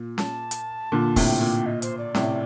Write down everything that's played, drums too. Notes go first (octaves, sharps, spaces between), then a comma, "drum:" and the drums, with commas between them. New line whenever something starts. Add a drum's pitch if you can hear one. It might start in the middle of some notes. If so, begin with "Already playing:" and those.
Already playing: A#2
A5, drum: snare C#4
drum: hi-hat
A#2 D3
A2 C3 G5, drum: kick, open hi-hat
A#2
D#5
C5, drum: hi-hat
D5
A2 C3, drum: snare C#4